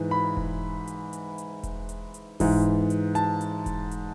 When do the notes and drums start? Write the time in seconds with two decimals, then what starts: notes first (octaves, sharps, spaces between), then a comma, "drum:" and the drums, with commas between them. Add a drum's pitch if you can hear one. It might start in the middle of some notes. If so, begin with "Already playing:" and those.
Already playing: G#2 E3
0.11 B5
0.37 drum: kick E1
0.87 drum: hi-hat
1.13 drum: hi-hat
1.38 drum: hi-hat
1.63 drum: kick E1, hi-hat
1.89 drum: hi-hat
2.14 drum: hi-hat
2.40 G#2 E3, drum: kick E1, open hi-hat
2.90 drum: hi-hat
3.15 A5, drum: hi-hat
3.41 drum: hi-hat
3.66 drum: kick E1, hi-hat
3.91 drum: hi-hat